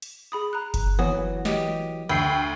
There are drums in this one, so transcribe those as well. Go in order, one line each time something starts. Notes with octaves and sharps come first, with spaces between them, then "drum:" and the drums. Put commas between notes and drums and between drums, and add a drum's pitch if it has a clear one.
drum: hi-hat
G#4 B5 D#6
A#5 F#6
drum: kick F#1, hi-hat
E3 F#3 B3 F#4 D#6
G4 D#5, drum: snare
D2 G5 B5 E6 C7